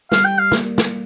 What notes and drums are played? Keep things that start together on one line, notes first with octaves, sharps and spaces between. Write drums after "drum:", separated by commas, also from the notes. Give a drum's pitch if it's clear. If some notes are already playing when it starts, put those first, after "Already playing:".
G3 F5, drum: snare
G5
F5
A#3, drum: snare
drum: snare